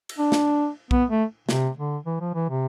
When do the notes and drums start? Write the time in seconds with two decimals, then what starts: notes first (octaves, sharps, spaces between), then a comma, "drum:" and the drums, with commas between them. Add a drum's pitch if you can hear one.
0.09 drum: cymbal
0.18 D4
0.32 drum: snare
0.91 B3, drum: kick
1.10 A3
1.49 C3, drum: snare
1.77 D3
2.06 E3
2.21 F3
2.34 E3
2.49 C3